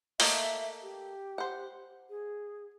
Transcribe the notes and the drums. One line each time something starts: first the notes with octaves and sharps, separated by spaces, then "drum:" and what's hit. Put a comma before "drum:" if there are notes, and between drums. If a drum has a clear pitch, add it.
A3 A#3 D#5 E5, drum: open hi-hat
G4
C5 F#5
G#4